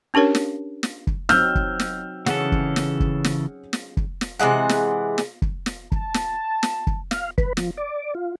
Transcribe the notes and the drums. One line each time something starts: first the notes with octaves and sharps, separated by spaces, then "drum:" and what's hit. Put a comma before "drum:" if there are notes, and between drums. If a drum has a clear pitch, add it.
C#4 D4 G4 A#4 C#5
drum: snare
drum: snare
drum: kick
F#3 C4 D#4 E6 F6 G6, drum: snare
drum: kick
drum: snare
C#3 E3 C#4 G#4 A4 F#5, drum: snare
drum: kick
drum: snare
drum: kick
drum: snare
drum: snare
drum: kick
drum: snare
C3 E3 G#3 F#5
drum: snare
drum: snare
drum: kick
drum: snare
A5, drum: kick
drum: snare
drum: snare
drum: kick
F5, drum: snare
B4, drum: kick
F3, drum: snare
D5
F4